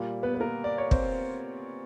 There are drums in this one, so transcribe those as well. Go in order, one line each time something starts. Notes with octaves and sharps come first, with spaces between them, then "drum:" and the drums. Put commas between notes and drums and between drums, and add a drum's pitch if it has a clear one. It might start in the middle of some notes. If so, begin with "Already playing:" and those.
Already playing: A#2 G3 A#3
B3 B4
B4
A#3 A#4
D5
C#5
C4 C5, drum: kick